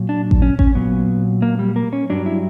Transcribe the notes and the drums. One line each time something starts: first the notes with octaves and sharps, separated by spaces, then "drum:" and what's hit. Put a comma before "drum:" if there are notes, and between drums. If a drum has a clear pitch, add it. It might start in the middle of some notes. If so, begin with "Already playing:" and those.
Already playing: A#2 F#3
D4
drum: kick A1
C#4
C#4, drum: kick A1
A#2 F#3 B3
A#3
G3
A#3
C#4
G2 F#3 D4
E4